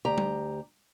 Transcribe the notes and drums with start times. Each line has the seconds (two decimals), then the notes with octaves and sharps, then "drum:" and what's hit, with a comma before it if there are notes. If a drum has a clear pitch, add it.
0.05 D2 G4 A#5
0.18 drum: tom G3